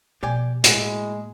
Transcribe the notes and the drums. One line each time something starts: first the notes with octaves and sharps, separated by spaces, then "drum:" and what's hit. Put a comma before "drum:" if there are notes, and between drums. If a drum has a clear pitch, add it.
B2 F3 G4 D5 G#5
A2 G#3 A#3 E4 F#4, drum: hi-hat